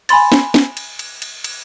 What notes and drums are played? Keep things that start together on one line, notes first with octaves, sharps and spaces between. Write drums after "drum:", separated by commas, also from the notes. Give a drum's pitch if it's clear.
G#5 B5 C6 A6, drum: cymbal
drum: snare
drum: snare
drum: cymbal
drum: cymbal
drum: cymbal
drum: cymbal